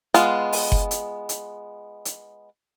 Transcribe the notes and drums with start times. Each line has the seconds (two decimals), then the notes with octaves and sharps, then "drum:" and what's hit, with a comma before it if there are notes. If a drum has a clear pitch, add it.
0.14 G#3 B3 F4, drum: hi-hat
0.53 drum: open hi-hat
0.72 drum: kick F#1
0.91 drum: hi-hat
1.29 drum: hi-hat
2.05 drum: hi-hat